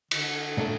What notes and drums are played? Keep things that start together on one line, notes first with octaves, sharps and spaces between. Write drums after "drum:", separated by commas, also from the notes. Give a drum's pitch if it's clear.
D3, drum: cymbal
A#2 A3 D4 A4